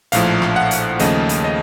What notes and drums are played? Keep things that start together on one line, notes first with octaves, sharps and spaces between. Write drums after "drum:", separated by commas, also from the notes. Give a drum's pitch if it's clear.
A#1 A2 F3 F5, drum: hi-hat
drum: rim click
F#5
drum: hi-hat
D#2 C#3 F3 A3 D#5, drum: hi-hat
drum: hi-hat
D#5